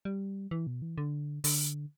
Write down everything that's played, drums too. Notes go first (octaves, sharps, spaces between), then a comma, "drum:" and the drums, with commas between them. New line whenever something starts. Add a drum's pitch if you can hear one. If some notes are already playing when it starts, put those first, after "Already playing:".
G3
E3
B2
E3
D3
D3, drum: open hi-hat